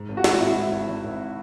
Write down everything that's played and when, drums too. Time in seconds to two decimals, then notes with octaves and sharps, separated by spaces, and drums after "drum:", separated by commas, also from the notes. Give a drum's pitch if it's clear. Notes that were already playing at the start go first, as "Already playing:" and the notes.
Already playing: G#2
0.09 G#1
0.17 F#4
0.24 G#1, drum: snare
0.40 G#1 E4
0.56 G#2
0.72 G#1
0.88 G#1
1.04 G#1